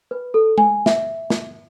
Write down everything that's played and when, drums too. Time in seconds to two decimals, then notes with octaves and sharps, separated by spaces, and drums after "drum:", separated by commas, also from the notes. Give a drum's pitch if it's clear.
0.11 B4
0.34 A4
0.58 G#5, drum: tom G#3
0.86 E5, drum: snare
1.30 drum: snare